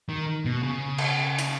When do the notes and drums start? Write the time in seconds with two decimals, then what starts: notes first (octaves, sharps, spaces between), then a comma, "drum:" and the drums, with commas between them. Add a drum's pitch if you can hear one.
0.09 D#3
0.45 B2
0.63 C#3
0.98 drum: cymbal
1.39 drum: hi-hat